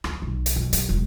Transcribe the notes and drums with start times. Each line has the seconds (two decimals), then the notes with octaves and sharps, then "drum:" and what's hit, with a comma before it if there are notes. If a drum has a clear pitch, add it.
0.04 D2, drum: rim click
0.22 B1
0.46 drum: hi-hat
0.56 B1
0.73 G3, drum: hi-hat
0.89 E1